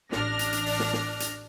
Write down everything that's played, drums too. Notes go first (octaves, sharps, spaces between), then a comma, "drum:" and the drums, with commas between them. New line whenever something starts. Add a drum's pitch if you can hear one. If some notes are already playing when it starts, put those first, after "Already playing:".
A1 D4 F6 A#6, drum: snare
drum: hi-hat
drum: hi-hat
drum: open hi-hat
drum: snare
drum: snare
drum: hi-hat